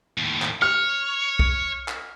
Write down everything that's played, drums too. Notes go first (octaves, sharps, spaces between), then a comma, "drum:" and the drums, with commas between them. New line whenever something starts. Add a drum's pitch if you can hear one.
D#2 A2
drum: clap
C#5 F6
drum: kick B1
drum: clap